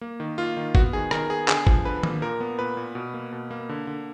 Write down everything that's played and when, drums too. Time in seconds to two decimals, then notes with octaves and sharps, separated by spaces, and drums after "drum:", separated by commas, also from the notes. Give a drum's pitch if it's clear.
0.01 A#3
0.20 D#3
0.38 A#3 F4
0.57 D#3
0.75 B3 F#4, drum: kick
0.93 D#3 G#4
1.11 D#3 A#4, drum: rim click
1.30 B3 G#4
1.48 D3 G#4, drum: clap
1.67 F3, drum: kick
1.85 D3 B4
2.03 A#3, drum: tom D#3
2.22 A#2 A#4
2.40 B3
2.59 A#2 B4
2.77 A#2
2.95 B2
3.14 A#3
3.32 B2
3.51 A#3
3.69 D3
3.87 D3